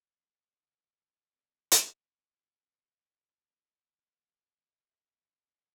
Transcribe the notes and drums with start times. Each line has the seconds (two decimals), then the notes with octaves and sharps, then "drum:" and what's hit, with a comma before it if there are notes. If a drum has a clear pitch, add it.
0.07 C#4
0.40 D#6
0.62 C2
0.77 E4
1.34 C4 D5 D6
1.72 drum: hi-hat
4.16 D3 A#3
4.74 E5 G#5 E6 A#6